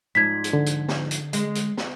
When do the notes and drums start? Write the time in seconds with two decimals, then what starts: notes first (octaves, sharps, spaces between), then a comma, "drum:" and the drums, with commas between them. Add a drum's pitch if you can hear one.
0.15 G#2 F3 D5 G#6 B6
0.44 drum: hi-hat
0.53 D3
0.66 drum: hi-hat
0.89 drum: snare
1.11 drum: hi-hat
1.33 G#3, drum: hi-hat
1.55 drum: hi-hat
1.77 drum: snare